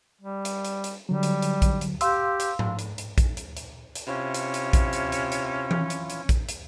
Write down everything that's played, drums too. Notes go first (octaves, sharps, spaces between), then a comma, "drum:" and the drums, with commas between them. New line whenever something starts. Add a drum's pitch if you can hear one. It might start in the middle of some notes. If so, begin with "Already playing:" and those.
G3
drum: hi-hat
drum: hi-hat
drum: hi-hat
D3 F#3 G3
drum: hi-hat
drum: hi-hat
drum: kick A#1, hi-hat
drum: hi-hat
G4 F5 C6 E6, drum: hi-hat
drum: hi-hat
drum: tom G#2
drum: hi-hat
drum: hi-hat
drum: kick A#1, hi-hat
drum: hi-hat
drum: hi-hat
drum: hi-hat
C3 C#4 E4 F4
drum: hi-hat
drum: hi-hat
drum: kick A#1, hi-hat
drum: hi-hat
drum: hi-hat
drum: hi-hat
drum: tom E3
drum: hi-hat
drum: hi-hat
drum: kick A#1, hi-hat
drum: hi-hat